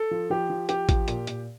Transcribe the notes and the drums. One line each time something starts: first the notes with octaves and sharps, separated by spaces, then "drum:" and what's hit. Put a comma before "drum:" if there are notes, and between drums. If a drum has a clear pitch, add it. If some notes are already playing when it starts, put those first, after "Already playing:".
Already playing: A4
F3
F3 G4
F3
F3 G4, drum: hi-hat
F3, drum: kick A1, hi-hat
A#2, drum: hi-hat
A#2, drum: hi-hat